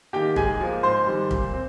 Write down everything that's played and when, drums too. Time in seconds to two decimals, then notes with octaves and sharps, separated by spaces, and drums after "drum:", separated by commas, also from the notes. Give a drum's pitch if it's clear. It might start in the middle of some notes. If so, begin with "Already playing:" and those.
0.13 D#3 A#3 G4 G5
0.36 G#2 G#4 G#5, drum: kick
0.60 F3 A#3
0.83 G#2 C5 C6
1.07 D#3 G3
1.31 A#2, drum: kick
1.53 C4